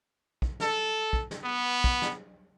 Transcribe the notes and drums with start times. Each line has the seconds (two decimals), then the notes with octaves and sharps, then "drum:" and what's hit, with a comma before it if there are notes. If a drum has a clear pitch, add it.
0.42 drum: kick
0.60 A4, drum: snare
1.13 drum: kick
1.31 drum: snare
1.43 B3
1.84 drum: kick
2.02 drum: snare